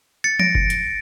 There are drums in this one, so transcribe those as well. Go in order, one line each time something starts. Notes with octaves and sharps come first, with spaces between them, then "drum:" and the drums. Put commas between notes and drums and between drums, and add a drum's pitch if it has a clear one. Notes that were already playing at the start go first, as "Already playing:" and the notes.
A6 C#7
A#6 D7, drum: tom F3
drum: kick F#1
drum: hi-hat